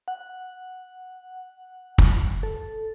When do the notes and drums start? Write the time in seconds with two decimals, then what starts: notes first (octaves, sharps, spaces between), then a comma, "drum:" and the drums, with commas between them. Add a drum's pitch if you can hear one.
0.08 F#5
1.98 drum: kick
2.43 A4